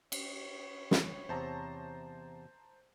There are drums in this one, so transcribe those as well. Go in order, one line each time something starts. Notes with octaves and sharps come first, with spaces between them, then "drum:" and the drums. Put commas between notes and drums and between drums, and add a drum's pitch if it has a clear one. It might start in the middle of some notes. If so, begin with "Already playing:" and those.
C#5, drum: cymbal
drum: snare
E2 C3 C5 A5 A#5